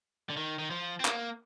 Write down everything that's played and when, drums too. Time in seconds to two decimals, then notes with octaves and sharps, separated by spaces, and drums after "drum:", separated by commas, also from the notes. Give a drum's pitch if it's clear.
0.30 D3
0.37 D#3
0.59 D#3
0.71 F3
1.00 C4
1.05 A#3, drum: clap